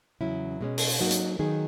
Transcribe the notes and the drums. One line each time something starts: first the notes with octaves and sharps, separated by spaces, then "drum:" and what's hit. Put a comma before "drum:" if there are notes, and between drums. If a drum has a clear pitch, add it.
E2 C#3 F#3 C#4 E4
B2 G#3 C#4
drum: open hi-hat
G#2 F#3 A#3 D#4 F#4
drum: hi-hat
D#3 F#3 B3 D#4 G#4